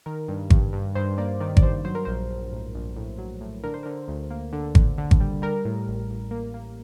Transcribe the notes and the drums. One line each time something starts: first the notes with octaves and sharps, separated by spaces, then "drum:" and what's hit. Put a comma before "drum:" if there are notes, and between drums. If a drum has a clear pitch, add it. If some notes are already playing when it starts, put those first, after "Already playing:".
D#3 A#4
G2
G2, drum: kick G#1
G2
G2 C5
A#3 D5
D#3 D5
D5, drum: kick G#1
G2 C5
F#3 C5
A#4
A#1 C5
A#1
A2
A#1
A2
F#3
A2
D3 A#4
C5
D3 A#4
D2
A#3
D3
D3, drum: kick G#1
D3
drum: kick G#1
G3
G3 A#4
A2
A1
A1
A#3
A#3